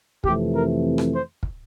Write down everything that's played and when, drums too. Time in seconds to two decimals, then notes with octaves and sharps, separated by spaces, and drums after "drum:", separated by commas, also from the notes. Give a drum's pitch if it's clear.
0.24 F2 C3 E3 A3 G4, drum: kick
0.53 A#4
0.98 drum: rim click
1.13 C5
1.43 drum: kick